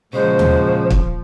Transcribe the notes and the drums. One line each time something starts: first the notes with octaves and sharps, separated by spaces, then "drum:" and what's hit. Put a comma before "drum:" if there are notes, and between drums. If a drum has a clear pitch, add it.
A#2 C#3 F3 F#3 G#3 C5
drum: tom D#2
drum: kick